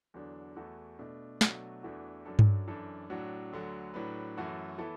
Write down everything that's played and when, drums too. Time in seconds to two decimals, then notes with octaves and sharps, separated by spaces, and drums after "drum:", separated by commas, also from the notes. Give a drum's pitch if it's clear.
0.14 E2 D3 F#3 D4
0.56 E2 E3 A3 F#4 A4
0.99 B2 A3 D4
1.41 B2 F#3 A3 D4 F#4, drum: snare
1.83 E2 E3 A3 D4 F#4
2.25 F#2 F#3 D4 A4
2.39 drum: tom G2
2.68 F#2 E3 D4 A4
3.10 A2 F#3 D4 F#4 A4
3.53 D2 D3 F#3
3.94 A2 F#3 D4 B4
4.37 F#2 E3 A3 F#4 A4
4.78 E3 B3 E4 A4